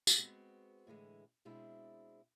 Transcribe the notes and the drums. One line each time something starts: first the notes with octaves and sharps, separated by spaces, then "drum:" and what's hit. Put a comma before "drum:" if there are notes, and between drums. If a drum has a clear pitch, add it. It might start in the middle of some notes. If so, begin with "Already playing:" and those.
drum: tambourine
G#3 B3 C4 F#4
A2 D3 E3 G#3
B2 G#3 C4 D4 E4